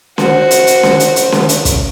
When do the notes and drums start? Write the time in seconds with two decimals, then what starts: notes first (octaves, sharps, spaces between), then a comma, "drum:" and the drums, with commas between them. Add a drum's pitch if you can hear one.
0.18 F#4 C5, drum: snare C#4
0.51 drum: hi-hat
0.67 drum: hi-hat
0.83 drum: snare C#4
1.00 drum: hi-hat
1.16 drum: hi-hat
1.32 drum: snare C#4
1.49 drum: hi-hat
1.65 drum: kick, hi-hat